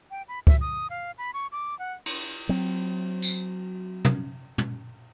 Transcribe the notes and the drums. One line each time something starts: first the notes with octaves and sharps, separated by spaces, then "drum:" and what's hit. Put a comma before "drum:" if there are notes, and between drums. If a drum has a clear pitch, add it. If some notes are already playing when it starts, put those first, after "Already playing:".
G5
B5
E5, drum: kick C#2
D#6
F5
B5
C#6
D6
F#5
drum: cymbal
F#3 C4
drum: tambourine
drum: tom
drum: tom